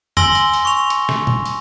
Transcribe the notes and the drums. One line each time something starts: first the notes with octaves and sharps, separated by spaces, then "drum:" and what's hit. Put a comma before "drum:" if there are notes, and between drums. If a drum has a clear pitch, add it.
G#5 C6 E6 A#6 G7, drum: tom F2
drum: open hi-hat
drum: open hi-hat
C#6 F7
drum: hi-hat
drum: snare
drum: tom A#2
drum: open hi-hat